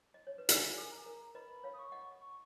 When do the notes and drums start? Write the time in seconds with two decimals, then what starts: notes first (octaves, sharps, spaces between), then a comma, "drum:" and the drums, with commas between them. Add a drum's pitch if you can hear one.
0.14 D#5
0.27 C#5
0.38 B4
0.49 A#4 G#5, drum: hi-hat
0.78 G#4
0.83 G#5
0.92 A#5
1.06 A#4
1.35 B4 D#5 B5
1.64 C#5 F5
1.74 D#6
1.79 C#6
1.92 D#5 F#5
2.21 C#6